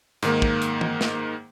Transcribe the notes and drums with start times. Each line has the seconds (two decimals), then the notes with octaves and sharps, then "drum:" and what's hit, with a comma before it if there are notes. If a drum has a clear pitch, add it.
0.23 G#2 D#3 A#3, drum: hi-hat
0.42 drum: kick
0.62 drum: hi-hat
0.81 drum: tom E3
1.01 drum: snare